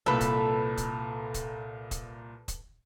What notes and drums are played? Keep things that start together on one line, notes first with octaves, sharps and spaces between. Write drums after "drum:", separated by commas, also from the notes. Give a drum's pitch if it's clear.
C2 A#2 A4 B4
drum: kick, hi-hat
drum: kick, hi-hat
drum: kick, hi-hat
drum: kick, hi-hat
drum: kick, hi-hat